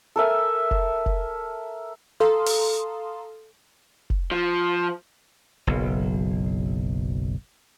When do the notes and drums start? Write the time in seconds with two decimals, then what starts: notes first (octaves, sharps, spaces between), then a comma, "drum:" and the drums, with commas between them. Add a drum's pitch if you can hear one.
0.16 A4 A#4 E5 G#5
0.71 drum: kick F1
1.06 drum: kick F1
2.20 A4 F5 A#5 C6 D#6 F6
2.46 drum: open hi-hat
4.10 drum: kick F1
4.31 F3
5.67 F#1 B1